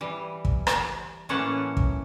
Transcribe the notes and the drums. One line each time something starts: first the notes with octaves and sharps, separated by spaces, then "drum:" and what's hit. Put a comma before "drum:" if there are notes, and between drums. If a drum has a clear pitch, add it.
E3 G3
drum: kick
drum: rim click
A2 E3 A#3 C#4 F#5 A5
drum: kick